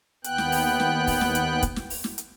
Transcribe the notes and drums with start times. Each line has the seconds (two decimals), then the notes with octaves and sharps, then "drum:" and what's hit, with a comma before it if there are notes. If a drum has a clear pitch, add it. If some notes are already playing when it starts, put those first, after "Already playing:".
0.24 D#2 B3 G5 F#6, drum: hi-hat
0.38 drum: snare
0.52 drum: open hi-hat
0.80 drum: snare
1.07 drum: kick, open hi-hat
1.21 drum: snare
1.35 drum: hi-hat
1.63 drum: kick, hi-hat
1.76 drum: snare
1.90 drum: open hi-hat
2.04 drum: snare
2.18 drum: hi-hat